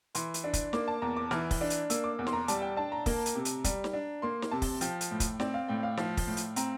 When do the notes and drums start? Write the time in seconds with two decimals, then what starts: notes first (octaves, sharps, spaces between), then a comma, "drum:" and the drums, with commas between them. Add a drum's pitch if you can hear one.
0.15 E3 C6, drum: hi-hat
0.34 drum: hi-hat
0.44 D4
0.53 drum: kick, hi-hat
0.73 A#3 D6, drum: snare
0.88 A5
1.02 E2 A#5
1.17 D6
1.31 E3 F6, drum: snare
1.51 drum: kick, open hi-hat
1.61 D4
1.70 drum: hi-hat
1.90 A#3 E6, drum: hi-hat
2.04 D6
2.19 E2
2.27 C6, drum: snare
2.33 A#5
2.48 G3 A5, drum: hi-hat
2.62 G5
2.77 D4 A5
2.92 A#5
3.06 A#3, drum: kick, open hi-hat
3.26 drum: hi-hat
3.35 C3
3.45 drum: hi-hat
3.64 G3, drum: kick, hi-hat
3.84 drum: snare
3.93 D4
4.22 A#3 C6
4.42 drum: snare
4.51 C3 A5
4.62 drum: kick, open hi-hat
4.81 F3 G5, drum: hi-hat
5.01 drum: hi-hat
5.11 A2
5.20 drum: kick, hi-hat
5.40 C4 D5, drum: snare
5.54 F5
5.68 A2 G5
5.83 F5
5.97 F3, drum: snare
6.17 drum: kick, open hi-hat
6.27 A2
6.37 drum: hi-hat
6.56 C4 A#5, drum: hi-hat